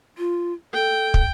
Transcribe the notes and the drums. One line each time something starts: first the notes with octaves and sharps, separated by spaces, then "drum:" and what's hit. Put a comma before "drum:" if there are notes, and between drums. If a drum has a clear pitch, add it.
F4
A4 G5
drum: kick